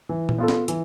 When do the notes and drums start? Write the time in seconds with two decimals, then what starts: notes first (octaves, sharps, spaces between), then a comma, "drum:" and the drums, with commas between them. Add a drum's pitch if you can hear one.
0.09 E3
0.29 drum: tom A#2
0.38 B3 F4 A4
0.48 drum: snare
0.68 E3, drum: hi-hat